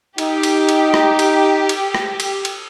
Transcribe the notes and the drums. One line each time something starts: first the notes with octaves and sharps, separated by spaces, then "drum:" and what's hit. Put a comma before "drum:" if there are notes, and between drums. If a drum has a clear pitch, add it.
D#4 G4, drum: cymbal
drum: cymbal
drum: cymbal
drum: rim click
drum: cymbal
drum: cymbal
drum: rim click
drum: cymbal
drum: cymbal